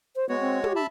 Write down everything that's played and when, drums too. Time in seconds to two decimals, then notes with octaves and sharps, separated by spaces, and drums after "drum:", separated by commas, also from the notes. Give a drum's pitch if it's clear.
0.16 C5
0.29 G#3 B3 F#4 C#5
0.40 C4
0.64 G4, drum: tom
0.76 E5 A5 B5